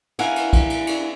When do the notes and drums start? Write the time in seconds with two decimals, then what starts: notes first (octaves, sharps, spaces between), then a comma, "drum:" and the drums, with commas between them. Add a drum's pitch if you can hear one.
0.19 E4 A#4 F5 F#5 G#5, drum: cymbal
0.36 drum: cymbal
0.53 drum: kick, cymbal
0.70 drum: cymbal
0.87 drum: cymbal